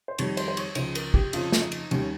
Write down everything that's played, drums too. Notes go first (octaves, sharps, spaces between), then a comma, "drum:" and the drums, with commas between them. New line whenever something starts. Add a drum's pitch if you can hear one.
C5
F2 D#3 G3 C#5, drum: cymbal
C5, drum: cymbal
C5
C#5, drum: cymbal
C#2 C#3 F3 C5, drum: cymbal
A#4, drum: cymbal
G4, drum: kick
F2 C#3 F3 F4, drum: cymbal
drum: snare
D#4
drum: cymbal
D#2 D#3 G3 C#4, drum: cymbal